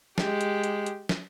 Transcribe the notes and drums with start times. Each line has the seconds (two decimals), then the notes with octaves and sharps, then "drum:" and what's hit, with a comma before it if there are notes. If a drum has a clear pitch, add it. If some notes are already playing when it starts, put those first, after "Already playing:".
0.18 G#3 G4, drum: snare
0.41 drum: hi-hat
0.64 drum: hi-hat
0.86 drum: hi-hat
1.09 drum: snare